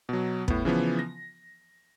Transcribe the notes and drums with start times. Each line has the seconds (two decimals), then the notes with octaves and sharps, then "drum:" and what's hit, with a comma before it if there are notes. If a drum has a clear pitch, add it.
0.09 B2 F#3
0.48 A2 B3, drum: kick
0.65 C#3 E3 F3 B3
0.99 A#6